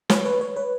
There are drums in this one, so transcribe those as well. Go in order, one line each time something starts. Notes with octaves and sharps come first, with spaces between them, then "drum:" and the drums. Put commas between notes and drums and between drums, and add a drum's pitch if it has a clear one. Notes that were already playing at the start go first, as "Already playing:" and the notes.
B4 C#5, drum: snare
B4 C#5
B4 C#5
B4 C#5